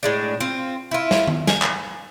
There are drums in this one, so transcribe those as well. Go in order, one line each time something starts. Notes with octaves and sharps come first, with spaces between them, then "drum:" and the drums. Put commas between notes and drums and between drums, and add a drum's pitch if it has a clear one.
A2 G#3 D4
C4 F4
E4 F4
drum: snare
drum: tom D#3
G#5, drum: snare
drum: clap